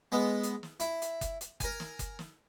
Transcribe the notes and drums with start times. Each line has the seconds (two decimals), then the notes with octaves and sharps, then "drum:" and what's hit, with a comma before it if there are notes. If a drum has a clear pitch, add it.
0.12 G#3 B3
0.43 drum: hi-hat
0.63 drum: snare
0.80 E4, drum: hi-hat
1.02 drum: hi-hat
1.21 drum: kick F#1, hi-hat
1.41 drum: hi-hat
1.60 A#4 G#5, drum: kick F#1, hi-hat
1.80 drum: snare
1.99 drum: kick F#1, hi-hat
2.19 drum: snare